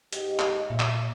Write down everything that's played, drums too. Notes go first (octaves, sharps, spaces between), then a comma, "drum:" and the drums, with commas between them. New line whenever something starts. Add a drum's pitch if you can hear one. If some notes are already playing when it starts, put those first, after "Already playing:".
G#2 G4 D#5, drum: hi-hat
drum: clap
A#2 C#5 E5 F5
drum: clap